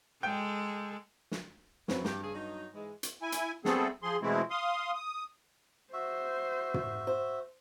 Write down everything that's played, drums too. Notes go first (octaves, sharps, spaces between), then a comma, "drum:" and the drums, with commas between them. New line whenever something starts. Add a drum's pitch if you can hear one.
G#3 A4 G5
drum: snare
F#2 E3 C4 B4, drum: snare
G2 G4, drum: snare
C#3 G#4
F#3 B3 D#4
G#2 E3 G#3
drum: hi-hat
E4 G#5
drum: hi-hat
G3 A3 B3 C4 G#4 A4, drum: snare
F3 G#4 C6
B2 E3 G#3 A3 C4 E4
F5 C6 D#6
D#6
F#4 C5 E5
drum: tom
C5